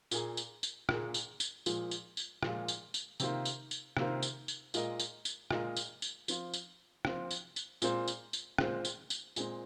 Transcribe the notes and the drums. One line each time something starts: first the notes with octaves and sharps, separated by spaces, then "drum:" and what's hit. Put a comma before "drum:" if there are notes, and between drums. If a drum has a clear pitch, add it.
A#2 A#3 G#4, drum: tambourine
drum: tambourine
drum: tambourine
A#2 A#3 G#4, drum: rim click
drum: tambourine
drum: tambourine
A#2 F3 G#3 F4, drum: tambourine
drum: tambourine
drum: tambourine
A#2 F3 G#3 F4, drum: rim click
drum: tambourine
drum: tambourine
C3 D#3 A#3 F4 C5, drum: tambourine
drum: tambourine
drum: tambourine
C3 D#3 A#3 F4 C5, drum: rim click
drum: tambourine
drum: tambourine
A#2 G#3 F4 A#4 D#5, drum: tambourine
drum: tambourine
drum: tambourine
A#2 G#3 F4 A#4 D#5, drum: rim click
drum: tambourine
drum: tambourine
F3 C4 F4, drum: tambourine
drum: tambourine
F3 C4 F4, drum: rim click
drum: tambourine
drum: tambourine
A#2 G#3 C4 F4 C5, drum: tambourine
drum: tambourine
drum: tambourine
A#2 G#3 C4 F4 C5, drum: rim click
drum: tambourine
drum: tambourine
A#2 G#3 C4, drum: tambourine